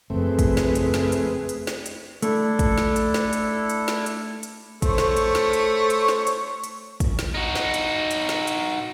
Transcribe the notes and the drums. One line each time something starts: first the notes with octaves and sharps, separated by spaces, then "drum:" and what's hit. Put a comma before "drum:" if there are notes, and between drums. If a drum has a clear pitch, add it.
F#1 F2 A3 C4 G#4 B4 E5
drum: kick, hi-hat
drum: snare
drum: hi-hat
drum: snare
drum: hi-hat
drum: hi-hat
drum: snare
drum: hi-hat
A3 D4 E4 A4, drum: hi-hat
drum: kick, hi-hat
drum: snare
drum: hi-hat
drum: snare
drum: hi-hat
drum: hi-hat
drum: snare
drum: hi-hat
drum: hi-hat
A3 C5 C#5, drum: kick, hi-hat
drum: snare
drum: hi-hat
drum: snare
drum: hi-hat
drum: hi-hat
drum: snare
drum: hi-hat
drum: hi-hat
drum: kick, hi-hat
drum: snare
D#4 F#4
drum: snare
drum: hi-hat
drum: hi-hat
drum: snare
drum: hi-hat